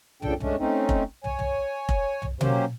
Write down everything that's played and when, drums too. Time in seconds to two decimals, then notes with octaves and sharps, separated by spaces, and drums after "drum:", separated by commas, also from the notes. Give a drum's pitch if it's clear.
0.22 D2 A#2 C#3 D4 A4 G5, drum: tom
0.40 G#3 A3 C#4 D4, drum: tom
0.58 A3 C4 C#4 D#4
0.89 drum: kick F1
1.24 C#5 G#5, drum: tom
1.39 drum: tom
1.89 drum: kick F1
2.22 drum: tom
2.41 F#3 A#3 C#4 G4 C5, drum: tom B2